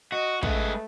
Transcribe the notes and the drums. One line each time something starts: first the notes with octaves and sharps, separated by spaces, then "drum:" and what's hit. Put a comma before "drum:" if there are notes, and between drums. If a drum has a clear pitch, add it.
F#4 D#5
G#3 A3 B4, drum: kick